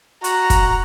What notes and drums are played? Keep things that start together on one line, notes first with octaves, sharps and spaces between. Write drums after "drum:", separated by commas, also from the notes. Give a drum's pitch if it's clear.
F#4 A#5, drum: hi-hat
drum: kick, hi-hat